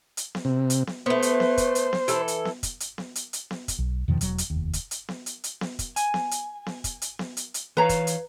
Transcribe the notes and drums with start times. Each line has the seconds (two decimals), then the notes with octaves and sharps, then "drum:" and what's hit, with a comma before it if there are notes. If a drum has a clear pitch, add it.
0.17 drum: hi-hat
0.35 drum: snare B3
0.45 C3
0.70 drum: hi-hat
0.87 drum: snare B3
1.06 A3 B3 C5
1.22 drum: hi-hat
1.40 drum: snare B3
1.58 drum: kick, hi-hat
1.75 drum: hi-hat
1.93 drum: snare B3
2.08 E3 A4, drum: hi-hat
2.28 drum: hi-hat
2.45 drum: snare B3
2.63 drum: kick, hi-hat
2.80 drum: hi-hat
2.98 drum: snare B3
3.15 drum: hi-hat
3.33 drum: hi-hat
3.51 drum: snare B3
3.68 drum: kick, hi-hat
3.79 B1
4.08 E2 B2 D#3 F3
4.21 E1 F#3, drum: hi-hat
4.38 drum: hi-hat
4.50 F1 D#2
4.73 drum: kick, hi-hat
4.91 drum: hi-hat
5.09 drum: snare B3
5.26 drum: hi-hat
5.44 drum: hi-hat
5.61 drum: snare B3
5.79 drum: kick, hi-hat
5.96 G#5, drum: hi-hat
6.14 drum: snare B3
6.31 drum: hi-hat
6.66 drum: snare B3
6.84 drum: kick, hi-hat
7.02 drum: hi-hat
7.19 drum: snare B3
7.37 drum: hi-hat
7.54 drum: hi-hat
7.77 E3 B4 C#5 F5 A#5
7.89 drum: kick, hi-hat
8.07 drum: hi-hat